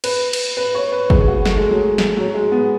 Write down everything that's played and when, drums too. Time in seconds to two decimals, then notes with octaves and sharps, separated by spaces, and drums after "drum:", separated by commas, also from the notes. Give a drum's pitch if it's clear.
0.04 B4, drum: cymbal
0.33 drum: cymbal
0.57 B4
0.75 C#5
0.92 B4
1.10 G#4, drum: kick
1.28 F#4
1.45 A3, drum: snare
1.57 G#3
1.69 F#3
1.98 drum: snare
2.17 F#3
2.34 G#3
2.52 B3